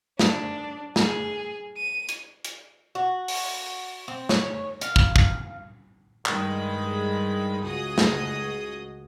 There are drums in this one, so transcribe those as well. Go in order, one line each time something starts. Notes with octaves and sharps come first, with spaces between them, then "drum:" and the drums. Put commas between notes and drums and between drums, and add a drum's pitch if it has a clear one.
D4, drum: snare
G#4, drum: snare
D#7
drum: hi-hat
drum: hi-hat
F#4
drum: open hi-hat
C4
C#5, drum: snare
F5, drum: hi-hat
drum: kick
drum: kick
G2 D#3 G#3 B5, drum: clap
C#2 F#4 G#4 D#5 D#6
drum: snare